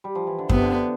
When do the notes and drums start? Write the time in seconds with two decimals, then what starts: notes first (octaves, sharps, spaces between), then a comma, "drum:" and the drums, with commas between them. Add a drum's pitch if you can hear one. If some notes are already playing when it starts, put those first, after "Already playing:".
0.04 G3
0.15 F3
0.27 E3
0.39 D3
0.49 C3 B3, drum: kick F#2
0.62 D3
0.74 D3